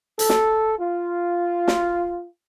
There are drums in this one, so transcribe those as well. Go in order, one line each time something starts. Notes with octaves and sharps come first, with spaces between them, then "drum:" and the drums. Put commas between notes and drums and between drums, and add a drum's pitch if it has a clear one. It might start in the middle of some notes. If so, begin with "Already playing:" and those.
A4, drum: hi-hat
drum: snare
F4
drum: snare